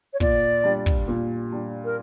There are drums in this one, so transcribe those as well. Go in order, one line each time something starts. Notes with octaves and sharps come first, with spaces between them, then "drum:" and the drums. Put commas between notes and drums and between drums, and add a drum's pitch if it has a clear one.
C#5
A#2 D5, drum: kick
G3 D4
drum: kick
A#2
G3 D4
A#4